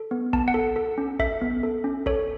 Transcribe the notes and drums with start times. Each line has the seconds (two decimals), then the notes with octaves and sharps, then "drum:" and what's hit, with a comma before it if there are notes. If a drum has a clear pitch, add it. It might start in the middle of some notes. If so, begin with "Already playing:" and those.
Already playing: A4
0.11 B3
0.33 B3 A5, drum: kick
0.48 F#5
0.54 A4
0.76 A4
0.98 C#4
1.19 A4 E5, drum: kick
1.41 B3
1.63 A4
1.84 C#4
2.06 A4 C#5, drum: kick